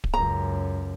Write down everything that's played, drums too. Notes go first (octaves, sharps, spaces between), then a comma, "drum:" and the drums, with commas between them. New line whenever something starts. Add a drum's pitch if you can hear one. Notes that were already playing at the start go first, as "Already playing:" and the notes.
drum: kick D1
C#2 F#2 A#5